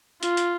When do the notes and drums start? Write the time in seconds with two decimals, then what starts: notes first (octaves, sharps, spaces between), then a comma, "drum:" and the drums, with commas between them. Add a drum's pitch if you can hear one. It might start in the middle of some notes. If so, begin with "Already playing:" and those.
0.23 F4, drum: hi-hat
0.37 drum: hi-hat